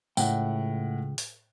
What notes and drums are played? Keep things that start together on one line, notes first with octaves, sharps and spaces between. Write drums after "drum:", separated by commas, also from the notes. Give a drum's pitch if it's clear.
C#2 A2 F#5 G5, drum: tambourine
drum: open hi-hat